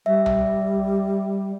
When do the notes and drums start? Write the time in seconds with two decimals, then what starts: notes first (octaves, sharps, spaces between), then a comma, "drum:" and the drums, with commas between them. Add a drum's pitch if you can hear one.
0.06 G3 E5
0.26 drum: tom B1